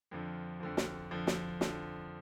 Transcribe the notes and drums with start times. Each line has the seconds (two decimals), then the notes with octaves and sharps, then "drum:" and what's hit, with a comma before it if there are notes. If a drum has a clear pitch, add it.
0.11 F2 D3 F3
0.60 F2 D3 F3
0.77 drum: snare
1.11 F2 D3 F3
1.27 drum: snare
1.61 F2 D3 F3, drum: snare